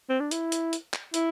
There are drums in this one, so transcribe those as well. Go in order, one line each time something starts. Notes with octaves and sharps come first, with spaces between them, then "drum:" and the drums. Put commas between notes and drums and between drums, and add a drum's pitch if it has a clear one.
C4
D4
E4, drum: hi-hat
drum: hi-hat
drum: hi-hat
drum: clap
E4, drum: hi-hat